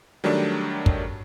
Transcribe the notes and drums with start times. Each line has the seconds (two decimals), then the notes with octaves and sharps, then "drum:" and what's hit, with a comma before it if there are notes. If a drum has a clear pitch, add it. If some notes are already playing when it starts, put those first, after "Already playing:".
0.24 D#3 F#3 G3 A3 D4
0.86 drum: kick